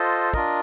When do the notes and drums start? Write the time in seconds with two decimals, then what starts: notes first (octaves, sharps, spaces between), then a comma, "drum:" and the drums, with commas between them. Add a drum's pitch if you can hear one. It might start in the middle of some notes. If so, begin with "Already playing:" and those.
Already playing: F4 A4 C5 D#5
0.33 D4 F4 A#4 D#5, drum: kick